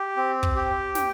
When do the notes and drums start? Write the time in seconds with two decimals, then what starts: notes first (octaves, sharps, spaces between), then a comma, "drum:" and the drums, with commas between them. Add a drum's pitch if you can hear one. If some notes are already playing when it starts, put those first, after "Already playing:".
Already playing: G4
0.17 C4
0.43 drum: kick
0.56 G4
0.95 G5, drum: snare